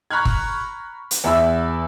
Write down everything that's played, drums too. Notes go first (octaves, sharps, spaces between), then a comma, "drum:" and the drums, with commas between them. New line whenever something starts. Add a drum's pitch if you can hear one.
A#5 B5 C#6 F6 F#6 G#6
drum: kick
drum: hi-hat
E2 E5 B5 E6